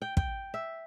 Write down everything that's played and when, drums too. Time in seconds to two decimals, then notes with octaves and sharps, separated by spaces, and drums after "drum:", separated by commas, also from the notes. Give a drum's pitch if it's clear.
0.02 G5
0.17 G5, drum: kick
0.54 E5